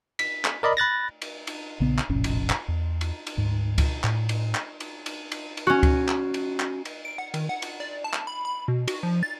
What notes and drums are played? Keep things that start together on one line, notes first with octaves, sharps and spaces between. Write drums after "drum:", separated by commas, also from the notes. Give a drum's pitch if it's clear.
B6, drum: cymbal
drum: clap
A#4 D5 D#5 B5
B5 F#6 A6 A#6
drum: cymbal
drum: cymbal
A#1 C#3 B3
drum: clap
F1 A#1 A2 C#4
drum: cymbal
drum: clap
E2
drum: cymbal
drum: cymbal
D2 G#2
drum: kick C#2, cymbal
A2, drum: clap
drum: cymbal
drum: clap
drum: cymbal
drum: cymbal
drum: cymbal
drum: cymbal
C#4 F#4
drum: kick C#2, cymbal
drum: clap
drum: cymbal
drum: clap
drum: cymbal
D7
F#5
D#3, drum: cymbal
F#5
drum: cymbal
D5
A5
drum: clap
B5
B5
B2
F#4, drum: cymbal
F3
A6